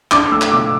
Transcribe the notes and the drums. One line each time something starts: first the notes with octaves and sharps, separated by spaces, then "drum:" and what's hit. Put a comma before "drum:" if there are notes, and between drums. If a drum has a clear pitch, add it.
D4 D6, drum: clap
A3 E6
drum: clap
B2 D6